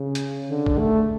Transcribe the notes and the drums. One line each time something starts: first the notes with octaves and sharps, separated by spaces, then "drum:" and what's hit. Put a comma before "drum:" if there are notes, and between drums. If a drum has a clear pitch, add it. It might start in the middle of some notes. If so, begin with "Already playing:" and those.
Already playing: C#3
drum: hi-hat
D3
drum: kick A#1
A3